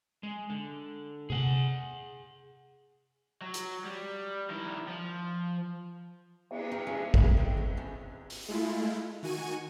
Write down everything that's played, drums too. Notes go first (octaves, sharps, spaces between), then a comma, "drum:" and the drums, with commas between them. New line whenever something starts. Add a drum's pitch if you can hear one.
G#3
D3
G#4 F#5, drum: tom C3
F#3
drum: hi-hat
G3
D#3 E4
F3
drum: cymbal
D#4 A#4 C#5 D#5 F5 G5
G#3 A3 C#4 D4 F#4 G#4
F2 D3 C#5 G#5, drum: kick
G5
F#4
C#4 C5 A5 B5
drum: open hi-hat
G#3 A3 E4 F4
D#3 F#4 G#5 C#6 D#7